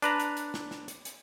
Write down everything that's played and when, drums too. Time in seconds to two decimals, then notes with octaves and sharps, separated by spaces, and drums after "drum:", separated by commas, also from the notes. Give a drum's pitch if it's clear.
0.02 D4 B4 A#5, drum: hi-hat
0.20 drum: hi-hat
0.37 drum: hi-hat
0.54 drum: snare
0.71 drum: snare
0.88 drum: hi-hat
1.05 drum: hi-hat